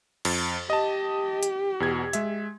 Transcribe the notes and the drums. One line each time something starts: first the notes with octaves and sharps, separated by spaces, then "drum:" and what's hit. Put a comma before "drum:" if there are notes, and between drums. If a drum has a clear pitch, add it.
F2, drum: cymbal
G4 D#5 A5
drum: hi-hat
E2 B2 G#6
G#3 E5, drum: hi-hat